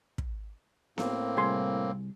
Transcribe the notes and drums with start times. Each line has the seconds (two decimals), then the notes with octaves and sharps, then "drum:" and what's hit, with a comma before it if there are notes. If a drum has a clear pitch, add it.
0.18 drum: kick
0.98 A2 A#3 C4, drum: snare B3
1.37 C2 G#4 C6